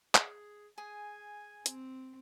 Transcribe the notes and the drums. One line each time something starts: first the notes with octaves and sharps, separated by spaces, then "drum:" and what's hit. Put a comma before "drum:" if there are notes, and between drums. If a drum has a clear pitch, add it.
G#4, drum: clap
G#4 G#5
C4, drum: hi-hat